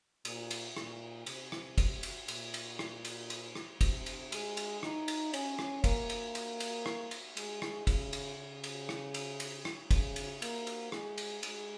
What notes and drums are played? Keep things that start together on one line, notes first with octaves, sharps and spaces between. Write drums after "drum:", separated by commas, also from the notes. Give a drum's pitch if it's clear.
A#2, drum: cymbal
drum: cymbal
A#2, drum: rim click
C3, drum: cymbal
drum: rim click
drum: kick, cymbal
drum: cymbal
A#2, drum: cymbal
drum: cymbal
drum: rim click
drum: cymbal
drum: cymbal
drum: rim click
C3, drum: kick, cymbal
drum: cymbal
G#3, drum: cymbal
drum: cymbal
D#4, drum: rim click
drum: cymbal
C#4, drum: cymbal
drum: rim click
A#3, drum: kick, cymbal
drum: cymbal
drum: cymbal
drum: cymbal
drum: rim click
drum: cymbal
G#3, drum: cymbal
drum: rim click
C#3, drum: kick, cymbal
drum: cymbal
C#3
drum: cymbal
drum: rim click
drum: cymbal
drum: cymbal
drum: rim click
C#3, drum: kick, cymbal
drum: cymbal
A#3, drum: cymbal
drum: cymbal
G#3, drum: rim click
drum: cymbal
G#3, drum: cymbal